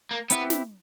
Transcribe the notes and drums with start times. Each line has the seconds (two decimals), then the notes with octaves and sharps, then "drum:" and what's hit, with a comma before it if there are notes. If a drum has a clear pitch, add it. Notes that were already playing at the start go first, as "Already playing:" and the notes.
0.11 A#3
0.30 B3 C4 E4 G4 B4, drum: hi-hat
0.50 drum: snare